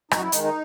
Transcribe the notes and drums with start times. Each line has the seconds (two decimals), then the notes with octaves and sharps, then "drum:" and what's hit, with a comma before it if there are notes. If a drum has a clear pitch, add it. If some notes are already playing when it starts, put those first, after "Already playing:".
0.11 F#2 D#4, drum: rim click
0.17 F#4
0.22 E4
0.32 D#3 G#3 D#4, drum: hi-hat
0.44 D#4